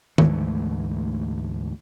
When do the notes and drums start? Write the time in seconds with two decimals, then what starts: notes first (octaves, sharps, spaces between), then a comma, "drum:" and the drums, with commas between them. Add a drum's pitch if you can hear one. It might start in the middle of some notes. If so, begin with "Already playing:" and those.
0.18 D2 G#2 E3 A3, drum: tom D#3